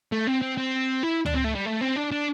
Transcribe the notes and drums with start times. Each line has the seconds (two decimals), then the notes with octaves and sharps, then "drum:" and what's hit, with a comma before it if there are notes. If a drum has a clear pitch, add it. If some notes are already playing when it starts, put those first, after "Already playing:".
0.12 A3
0.27 C4
0.41 C4
0.58 C4
1.03 E4
1.26 D4, drum: tom C#2
1.35 C4
1.44 A3
1.55 G3
1.65 A3
1.81 C4
1.96 D4
2.11 D4